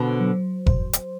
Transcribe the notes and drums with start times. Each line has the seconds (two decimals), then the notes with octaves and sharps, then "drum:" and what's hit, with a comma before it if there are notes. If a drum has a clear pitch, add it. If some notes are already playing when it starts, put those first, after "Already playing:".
Already playing: B2 D3 C5
0.20 F#3
0.66 C5, drum: kick F1
0.93 drum: hi-hat